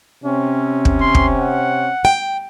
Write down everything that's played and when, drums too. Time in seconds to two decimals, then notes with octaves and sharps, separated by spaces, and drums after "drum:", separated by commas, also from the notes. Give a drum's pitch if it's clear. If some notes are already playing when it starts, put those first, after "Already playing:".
0.24 C3 C4 C#4
0.85 drum: kick
1.00 C6
1.15 drum: kick
1.38 F#5
2.05 G5